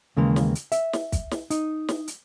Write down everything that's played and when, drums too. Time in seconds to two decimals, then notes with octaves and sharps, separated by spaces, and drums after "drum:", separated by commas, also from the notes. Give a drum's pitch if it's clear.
0.17 D#2 C#3 E3 G#3 A#3
0.36 drum: snare
0.55 drum: hi-hat
0.72 E5, drum: hi-hat
0.93 drum: snare
1.12 drum: kick, hi-hat
1.31 drum: snare
1.50 D#4, drum: hi-hat
1.89 drum: snare
2.08 drum: hi-hat